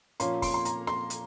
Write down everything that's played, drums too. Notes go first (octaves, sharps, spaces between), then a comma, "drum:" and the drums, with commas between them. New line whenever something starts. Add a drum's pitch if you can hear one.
A#2 F3 A#3 C#4 C6, drum: hi-hat
C6, drum: kick, open hi-hat
C6
A#5, drum: hi-hat
C6, drum: snare
drum: hi-hat